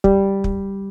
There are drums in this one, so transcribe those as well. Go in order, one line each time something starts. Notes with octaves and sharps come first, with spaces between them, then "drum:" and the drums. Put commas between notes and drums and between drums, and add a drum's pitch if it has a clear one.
G3, drum: kick
drum: kick